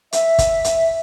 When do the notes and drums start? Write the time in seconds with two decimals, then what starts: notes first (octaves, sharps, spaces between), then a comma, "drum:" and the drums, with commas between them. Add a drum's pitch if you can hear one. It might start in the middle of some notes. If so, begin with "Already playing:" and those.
0.13 E5, drum: hi-hat
0.38 drum: kick, hi-hat
0.64 drum: hi-hat